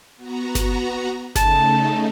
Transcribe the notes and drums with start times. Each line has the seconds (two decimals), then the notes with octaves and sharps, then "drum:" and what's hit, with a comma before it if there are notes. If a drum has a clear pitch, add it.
0.17 B3 F#4 A#5
0.55 drum: snare G1
1.36 C#3 A3 D#4 A5, drum: snare G1